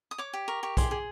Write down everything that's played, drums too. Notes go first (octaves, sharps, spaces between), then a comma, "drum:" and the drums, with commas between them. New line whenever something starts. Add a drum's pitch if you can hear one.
D#6
C#5 D6
G4
A#4 C#6
G4 C#6
G#4 C6, drum: kick, hi-hat
G#4